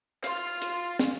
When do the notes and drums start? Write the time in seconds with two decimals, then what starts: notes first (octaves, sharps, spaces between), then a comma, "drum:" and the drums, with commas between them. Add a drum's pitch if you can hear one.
0.24 F5 C6, drum: hi-hat
0.62 drum: hi-hat
0.99 drum: snare